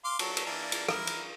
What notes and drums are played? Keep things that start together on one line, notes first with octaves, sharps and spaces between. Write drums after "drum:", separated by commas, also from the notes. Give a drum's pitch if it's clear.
F5 C6 D6
F#3 A4, drum: cymbal
drum: cymbal
E3 A#3 D4
drum: cymbal
E4 A#4, drum: rim click
drum: cymbal